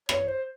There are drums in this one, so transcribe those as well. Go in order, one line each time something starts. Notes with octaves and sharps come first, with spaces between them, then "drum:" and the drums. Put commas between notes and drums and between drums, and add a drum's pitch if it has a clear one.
C#5, drum: rim click
C5